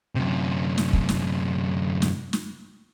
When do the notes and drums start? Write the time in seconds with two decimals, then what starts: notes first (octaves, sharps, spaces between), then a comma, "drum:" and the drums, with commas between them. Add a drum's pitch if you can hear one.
0.15 F#2 C3
0.78 drum: snare
0.93 drum: kick
1.09 drum: snare
2.02 drum: snare
2.33 drum: snare